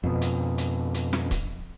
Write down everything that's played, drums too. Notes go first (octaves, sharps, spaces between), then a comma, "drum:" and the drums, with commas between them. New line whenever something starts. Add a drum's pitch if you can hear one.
F2 B2
drum: hi-hat
drum: hi-hat
drum: hi-hat
drum: snare
drum: kick C#1, hi-hat